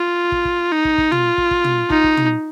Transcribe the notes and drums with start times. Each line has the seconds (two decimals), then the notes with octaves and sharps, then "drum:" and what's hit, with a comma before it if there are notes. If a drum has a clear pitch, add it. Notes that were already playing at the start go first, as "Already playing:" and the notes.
Already playing: F4
0.32 drum: kick
0.45 drum: kick
0.72 D#4
0.85 drum: kick
0.98 drum: kick
1.12 F4, drum: tom
1.38 drum: kick
1.51 drum: kick
1.64 drum: tom
1.90 D#4, drum: kick
2.04 drum: kick
2.17 drum: tom